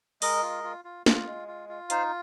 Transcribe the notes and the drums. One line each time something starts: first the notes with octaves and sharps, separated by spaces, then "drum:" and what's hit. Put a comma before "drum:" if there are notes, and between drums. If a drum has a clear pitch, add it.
G#3 A#4 D#5, drum: open hi-hat
F4
F4
F4
F4, drum: snare
G#3
F4
F4
D#4 C5 F5, drum: hi-hat